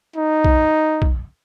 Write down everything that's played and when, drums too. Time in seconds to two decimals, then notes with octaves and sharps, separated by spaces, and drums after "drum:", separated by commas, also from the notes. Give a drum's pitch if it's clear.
0.16 D#4
0.45 drum: kick
1.02 drum: kick